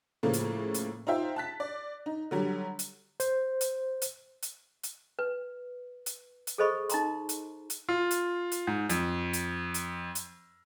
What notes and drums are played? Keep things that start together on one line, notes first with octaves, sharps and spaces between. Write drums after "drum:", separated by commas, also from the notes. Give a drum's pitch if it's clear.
A2 C#3 F3 A3 A#3
drum: hi-hat
drum: hi-hat
D#4 F4 C5 E5 G5
A5 F#6 B6
D5
D#4
D3 F#3 G3
drum: hi-hat
C5, drum: hi-hat
drum: hi-hat
drum: hi-hat
drum: hi-hat
drum: hi-hat
B4
drum: hi-hat
drum: hi-hat
G#4 A4 C5 D#5 B5 C#6
D#4 A#5 C6, drum: hi-hat
drum: hi-hat
drum: hi-hat
F4
drum: hi-hat
drum: hi-hat
G#2
F2, drum: hi-hat
drum: hi-hat
drum: hi-hat
drum: hi-hat